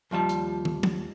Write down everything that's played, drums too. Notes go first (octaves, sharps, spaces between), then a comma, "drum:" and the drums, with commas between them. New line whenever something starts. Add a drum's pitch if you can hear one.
D#2 F3 G3 A5
drum: hi-hat
drum: tom
drum: tom F3